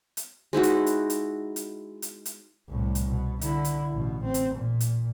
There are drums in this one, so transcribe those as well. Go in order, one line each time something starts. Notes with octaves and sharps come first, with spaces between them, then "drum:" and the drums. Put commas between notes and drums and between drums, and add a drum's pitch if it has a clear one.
drum: hi-hat
G#3 D#4 E4 F#4
drum: hi-hat
drum: hi-hat
drum: hi-hat
drum: hi-hat
drum: hi-hat
drum: hi-hat
C2 A2
drum: hi-hat
B2
D3 E4, drum: hi-hat
drum: hi-hat
A1 B2
C4
drum: hi-hat
A#2
drum: hi-hat